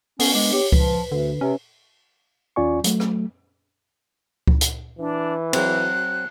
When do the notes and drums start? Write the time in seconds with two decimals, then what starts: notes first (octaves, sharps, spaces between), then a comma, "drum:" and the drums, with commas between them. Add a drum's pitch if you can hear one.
0.19 B3 C#4, drum: open hi-hat
0.35 G#3 D4
0.52 G4 C#5
0.72 C#2 F3 B4, drum: kick C#2
1.12 D2 D3
1.41 C3 C#4
2.56 D#2 C#4 F4 D5 G#5 C#6
2.84 F#3 A3, drum: hi-hat
3.00 drum: rim click
4.47 drum: kick C#2
4.61 drum: hi-hat
4.99 E3 D4
5.53 F#3 C4 F#6, drum: cymbal